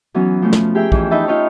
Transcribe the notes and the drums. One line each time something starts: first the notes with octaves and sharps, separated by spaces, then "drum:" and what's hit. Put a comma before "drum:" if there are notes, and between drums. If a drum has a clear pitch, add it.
E3 F#3 B3 C#4
F3 A3 C#4
drum: snare
G4 G#4 A#4 E5 G5
F2 E3, drum: kick
D#4 B4 E5 A5
D#4 F4 B4 C#5